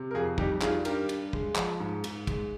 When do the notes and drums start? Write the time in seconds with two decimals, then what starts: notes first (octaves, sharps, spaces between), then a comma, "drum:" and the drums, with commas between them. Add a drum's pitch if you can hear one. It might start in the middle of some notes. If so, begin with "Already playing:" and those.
Already playing: C3
0.11 A#4
0.15 F2 F4 G#4
0.38 G3 D#4 G4, drum: kick
0.56 G4
0.62 D#3 F4 G#4, drum: clap
0.85 G2 G4 A#4, drum: cymbal
1.09 G2, drum: cymbal
1.33 G#3, drum: kick
1.56 F3, drum: clap
1.80 G#2
2.04 G#2, drum: cymbal
2.27 G#3, drum: kick, cymbal